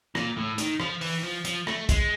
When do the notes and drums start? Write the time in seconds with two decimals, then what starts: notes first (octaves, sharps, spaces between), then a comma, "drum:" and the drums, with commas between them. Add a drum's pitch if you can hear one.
0.15 A#2, drum: rim click
0.37 A2
0.58 D#3, drum: hi-hat
0.80 F3, drum: rim click
1.01 E3, drum: open hi-hat
1.24 F3
1.45 F3, drum: hi-hat
1.67 A3, drum: rim click
1.89 G#3, drum: kick, hi-hat